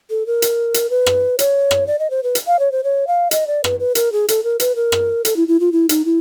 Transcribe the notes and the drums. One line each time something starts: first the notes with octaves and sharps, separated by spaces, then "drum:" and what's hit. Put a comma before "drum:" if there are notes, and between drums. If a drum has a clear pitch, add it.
A4
A#4
drum: hi-hat
drum: hi-hat
B4
drum: rim click
C#5, drum: hi-hat
drum: rim click
D5
D#5
C5
B4
drum: hi-hat
F5
C#5
C5
C#5
F5
D#5, drum: hi-hat
D5
B4, drum: rim click
B4
A#4, drum: hi-hat
G#4
A4, drum: hi-hat
A#4
B4, drum: hi-hat
A#4
drum: rim click
A4, drum: hi-hat
E4
E4
F4
E4
D#4, drum: hi-hat
E4